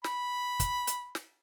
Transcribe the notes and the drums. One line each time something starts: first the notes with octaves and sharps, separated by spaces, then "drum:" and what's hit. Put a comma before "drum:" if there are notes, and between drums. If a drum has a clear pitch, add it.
B5, drum: snare
drum: kick, hi-hat
drum: hi-hat
drum: snare